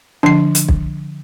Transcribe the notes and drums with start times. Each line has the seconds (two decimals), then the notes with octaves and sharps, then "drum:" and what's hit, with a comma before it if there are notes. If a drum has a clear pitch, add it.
0.23 D3 F3 D4 C6 C7
0.55 drum: hi-hat
0.69 drum: kick B1